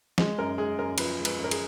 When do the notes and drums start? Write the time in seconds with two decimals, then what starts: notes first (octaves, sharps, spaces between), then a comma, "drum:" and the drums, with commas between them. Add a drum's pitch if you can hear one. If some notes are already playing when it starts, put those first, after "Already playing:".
0.18 G#3, drum: snare
0.38 F#2 A#4
0.58 G#3 G#4
0.79 F#2 A#4
0.98 F3 B4, drum: cymbal
1.18 G#3
1.25 B4, drum: cymbal
1.38 F#2
1.44 A#4
1.51 G#4, drum: cymbal